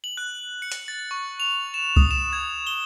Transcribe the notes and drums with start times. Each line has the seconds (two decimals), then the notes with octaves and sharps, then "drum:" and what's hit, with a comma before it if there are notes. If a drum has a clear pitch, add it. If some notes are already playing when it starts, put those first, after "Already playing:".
0.04 F#7
0.17 F#6
0.62 C#7
0.72 drum: hi-hat
0.88 A6
1.11 C#6
1.40 F7
1.74 E7
1.96 D#6, drum: kick C2
2.11 E7
2.33 G#6
2.67 G7